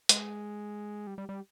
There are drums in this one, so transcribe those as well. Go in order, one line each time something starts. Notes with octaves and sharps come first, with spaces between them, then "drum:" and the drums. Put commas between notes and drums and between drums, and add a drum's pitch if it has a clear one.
G#3, drum: hi-hat
G3
G3
G3